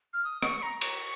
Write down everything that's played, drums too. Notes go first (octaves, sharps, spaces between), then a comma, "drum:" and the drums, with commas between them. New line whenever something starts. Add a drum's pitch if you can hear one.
F6
D#6
C#6, drum: rim click
C#6
A#5
C#6, drum: cymbal